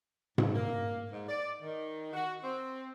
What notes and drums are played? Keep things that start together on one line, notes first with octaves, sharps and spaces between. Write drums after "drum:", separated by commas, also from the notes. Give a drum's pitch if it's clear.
G#2, drum: tom G#2
A#3
G#2
D5
D#3
F#4
C4